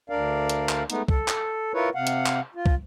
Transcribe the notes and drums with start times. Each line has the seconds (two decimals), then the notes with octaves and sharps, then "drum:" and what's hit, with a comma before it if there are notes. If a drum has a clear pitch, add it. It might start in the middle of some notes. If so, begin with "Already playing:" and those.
0.10 D2 D4 A#4 D5 F5
0.49 drum: hi-hat
0.69 drum: clap
0.90 G#3 A3 B3 D#4, drum: hi-hat
1.08 A4, drum: kick
1.28 drum: clap
1.74 E4 F4 A#4 B4 C#5
1.95 C3 F5 F#5
2.07 drum: hi-hat
2.26 drum: clap
2.55 F4
2.66 drum: kick